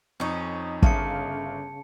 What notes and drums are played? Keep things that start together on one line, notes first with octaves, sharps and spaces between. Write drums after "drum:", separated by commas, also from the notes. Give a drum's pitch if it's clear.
F2 C#4 D#4 C#6
G1 C#3 E5 F5 A5 C#7, drum: kick